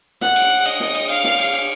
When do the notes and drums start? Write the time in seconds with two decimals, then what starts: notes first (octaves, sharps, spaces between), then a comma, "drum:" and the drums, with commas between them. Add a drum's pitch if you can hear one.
0.21 F#5, drum: snare
0.36 drum: cymbal
0.66 D#5, drum: cymbal
0.80 drum: snare
0.95 drum: cymbal
1.09 F5, drum: cymbal
1.24 drum: snare
1.39 drum: cymbal
1.53 drum: cymbal